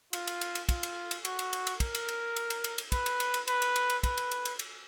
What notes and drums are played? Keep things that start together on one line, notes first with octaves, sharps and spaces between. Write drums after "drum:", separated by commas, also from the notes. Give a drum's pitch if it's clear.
F4, drum: cymbal
drum: cymbal
drum: cymbal
drum: cymbal
F4, drum: kick, cymbal
drum: cymbal
drum: cymbal
F#4, drum: cymbal
drum: cymbal
drum: cymbal
drum: cymbal
A#4, drum: kick, cymbal
drum: cymbal
drum: cymbal
drum: cymbal
drum: cymbal
drum: cymbal
drum: cymbal
B4, drum: kick, cymbal
drum: cymbal
drum: cymbal
drum: cymbal
B4, drum: cymbal
drum: cymbal
drum: cymbal
drum: cymbal
B4, drum: kick, cymbal
drum: cymbal
drum: cymbal
drum: cymbal
drum: cymbal